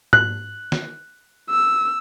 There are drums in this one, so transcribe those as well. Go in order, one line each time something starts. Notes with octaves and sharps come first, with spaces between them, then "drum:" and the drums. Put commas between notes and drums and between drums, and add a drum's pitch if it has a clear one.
F#6, drum: tom G#2
drum: snare
E6